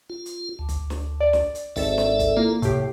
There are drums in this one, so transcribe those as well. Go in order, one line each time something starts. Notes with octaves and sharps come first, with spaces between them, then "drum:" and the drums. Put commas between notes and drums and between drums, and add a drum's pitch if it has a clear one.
F4
drum: hi-hat
D2
drum: kick, hi-hat
drum: snare
D5
drum: snare
drum: hi-hat
G#1 A4 D5 E5 E7, drum: kick, open hi-hat
drum: snare
drum: kick, hi-hat
A#3 E4 F4 A4
A2 C3 G4, drum: kick, hi-hat